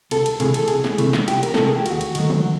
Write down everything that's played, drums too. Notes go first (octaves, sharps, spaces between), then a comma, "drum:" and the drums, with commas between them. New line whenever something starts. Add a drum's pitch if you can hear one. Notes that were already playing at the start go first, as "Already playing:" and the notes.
C2 A4, drum: cymbal
drum: cymbal
C3 E3 A3 G#4, drum: cymbal
A4, drum: cymbal
C2 G#4, drum: cymbal
drum: snare
C3 E3 A3, drum: cymbal
drum: snare
C2 G4, drum: cymbal
A#4, drum: cymbal
C3 E3 A3 A4, drum: snare
G#4
G4
D#2 F#4, drum: cymbal
drum: cymbal
D#3 F#3 A3, drum: cymbal
drum: tom C#3